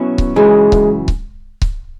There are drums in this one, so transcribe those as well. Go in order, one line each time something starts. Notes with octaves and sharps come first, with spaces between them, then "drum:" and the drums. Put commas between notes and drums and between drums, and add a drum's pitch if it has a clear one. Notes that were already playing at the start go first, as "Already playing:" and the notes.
Already playing: B2 F#3 C#4 E4
drum: kick C#1
F#2 C#3 E3 G#3
drum: kick C#1
drum: kick C#1
drum: kick C#1